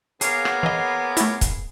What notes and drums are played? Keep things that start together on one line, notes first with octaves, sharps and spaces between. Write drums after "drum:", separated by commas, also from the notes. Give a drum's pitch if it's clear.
A#3 B3 G#4 A#4 C#5 F5 D6, drum: hi-hat
drum: rim click
E3 D#5
A3 E4, drum: hi-hat
drum: kick, hi-hat